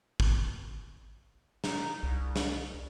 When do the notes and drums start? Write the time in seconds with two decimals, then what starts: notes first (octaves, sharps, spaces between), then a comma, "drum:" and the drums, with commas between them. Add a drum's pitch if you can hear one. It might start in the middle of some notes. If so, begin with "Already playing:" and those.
0.20 drum: kick
1.64 D#4, drum: snare
2.03 C2
2.36 drum: snare